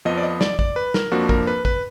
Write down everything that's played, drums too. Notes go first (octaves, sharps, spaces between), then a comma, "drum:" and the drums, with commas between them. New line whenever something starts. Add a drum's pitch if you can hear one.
F2 F3 B3 D#5
D5
D#5
D5, drum: snare
D5, drum: kick A1
B4
A#4, drum: snare
F2 F3 A#3 D4 F#4
A#4, drum: kick A1
B4
B4, drum: kick A1